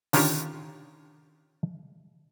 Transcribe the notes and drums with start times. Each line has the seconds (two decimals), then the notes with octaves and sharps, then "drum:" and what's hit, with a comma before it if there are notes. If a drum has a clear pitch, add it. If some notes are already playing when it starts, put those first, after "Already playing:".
0.13 D3 D#3 C#4 D4 F4 G4, drum: open hi-hat